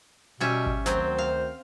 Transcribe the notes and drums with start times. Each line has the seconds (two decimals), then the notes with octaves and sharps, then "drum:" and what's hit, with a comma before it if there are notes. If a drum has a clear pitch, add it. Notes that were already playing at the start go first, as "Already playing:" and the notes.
0.40 B2 G3 C#4 E5
0.66 drum: kick G#1
0.86 D2 D#3 F#3 C4 C5, drum: snare
1.18 F5